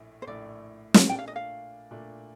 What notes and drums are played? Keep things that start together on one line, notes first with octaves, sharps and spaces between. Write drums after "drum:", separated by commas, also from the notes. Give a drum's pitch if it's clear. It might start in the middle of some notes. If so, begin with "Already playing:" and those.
Already playing: A#1 A2 A3
C5
A#1 A2 A3 D5
drum: snare
A#2 A3 D4 G5
F5
D#5
F5
A#2 A3 D4